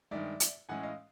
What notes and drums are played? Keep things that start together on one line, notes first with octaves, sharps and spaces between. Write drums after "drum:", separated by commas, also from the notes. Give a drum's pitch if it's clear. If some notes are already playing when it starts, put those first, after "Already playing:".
G2 D#3 G#3 D5 E5
drum: hi-hat
A2 E3 G#3 C#4 F#5 G#5
D#5 F5